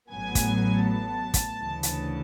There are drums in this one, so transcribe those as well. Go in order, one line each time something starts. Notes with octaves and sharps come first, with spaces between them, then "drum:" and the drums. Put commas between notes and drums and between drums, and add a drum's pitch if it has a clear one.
A1 A2 F#3 B3 G#5
drum: kick, hi-hat
A5
drum: kick, hi-hat
D2 C#3 E3
drum: hi-hat